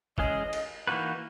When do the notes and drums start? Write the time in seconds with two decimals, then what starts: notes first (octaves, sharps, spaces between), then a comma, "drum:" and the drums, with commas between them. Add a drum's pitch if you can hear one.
0.18 E3 G#3 C#4 G#4 D#5, drum: kick
0.53 drum: cymbal
0.87 E3 A#3 D#4 F#4 B4